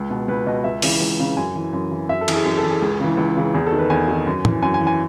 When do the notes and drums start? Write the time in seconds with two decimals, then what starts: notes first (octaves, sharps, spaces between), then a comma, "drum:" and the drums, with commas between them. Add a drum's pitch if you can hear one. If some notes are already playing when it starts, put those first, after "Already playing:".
Already playing: C#2
0.10 B2
0.28 C#2 B4
0.46 B2 D#5
0.64 C#2 E5
0.82 C#3 E3, drum: open hi-hat
1.00 C#2
1.19 C#3 E3
1.37 F#2 G#5
1.55 E3
1.73 F#2
1.91 E3
2.09 F#2 E5
2.21 A4
2.28 E3, drum: cymbal
2.33 G#4
2.45 F#2 G#4
2.58 A4
2.63 E3
2.70 G#4
2.82 C#2 G#4
3.00 C#3 E3
3.17 C#2
3.36 C#3 E3
3.54 E2 G#4
3.67 A4
3.72 D#3
3.78 B4
3.90 E2 G#5
4.08 D#3
4.26 F#2
4.45 E3, drum: tom
4.62 F#2 G#5
4.74 G#5
4.81 E3
4.87 G#5